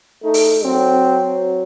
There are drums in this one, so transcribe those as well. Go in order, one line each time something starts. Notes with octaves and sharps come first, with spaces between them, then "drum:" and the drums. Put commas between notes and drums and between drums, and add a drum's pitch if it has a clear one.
A3 D#4
drum: open hi-hat
F#3 C4